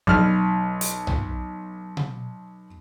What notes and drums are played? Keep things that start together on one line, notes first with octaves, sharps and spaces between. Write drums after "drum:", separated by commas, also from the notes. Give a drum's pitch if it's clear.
B1 F6, drum: kick
drum: hi-hat
drum: tom B1
drum: tom B2